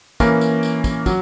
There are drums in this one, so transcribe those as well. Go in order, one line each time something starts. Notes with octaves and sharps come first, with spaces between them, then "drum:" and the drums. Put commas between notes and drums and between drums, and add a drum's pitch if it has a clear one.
E3 A#3 C#4, drum: kick, tambourine
drum: tambourine
drum: tambourine
drum: kick, tambourine
F#3, drum: kick, tambourine